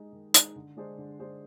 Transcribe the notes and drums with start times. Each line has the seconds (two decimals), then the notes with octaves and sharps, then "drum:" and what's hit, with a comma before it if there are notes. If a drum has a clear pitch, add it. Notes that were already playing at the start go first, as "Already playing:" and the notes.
Already playing: G#3 D#4
0.13 D#3
0.34 G#3 D#4, drum: hi-hat
0.56 D3
0.77 G#3 D4 G#4 C5
0.98 D3
1.19 G#3 D4 G#4 C5